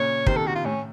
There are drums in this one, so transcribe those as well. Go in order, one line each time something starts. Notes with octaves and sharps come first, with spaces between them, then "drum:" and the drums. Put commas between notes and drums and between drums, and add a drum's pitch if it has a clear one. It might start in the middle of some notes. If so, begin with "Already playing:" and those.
Already playing: A#2 C#3 C#5
C3 D#3 C5, drum: kick
A4
F#4
F4
A2 C#4